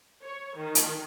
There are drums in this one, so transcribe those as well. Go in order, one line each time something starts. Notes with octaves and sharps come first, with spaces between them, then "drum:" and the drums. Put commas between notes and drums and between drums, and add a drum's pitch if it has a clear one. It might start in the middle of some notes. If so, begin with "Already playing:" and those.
C#5
D#3
drum: hi-hat